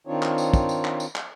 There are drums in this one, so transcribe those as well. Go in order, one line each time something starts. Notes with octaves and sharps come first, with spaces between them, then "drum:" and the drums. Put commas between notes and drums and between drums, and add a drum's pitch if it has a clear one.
D#3 C4 D4 D#4 F4 C#5
drum: clap
drum: tambourine
drum: kick, tambourine
drum: tambourine
drum: clap
drum: tambourine
drum: clap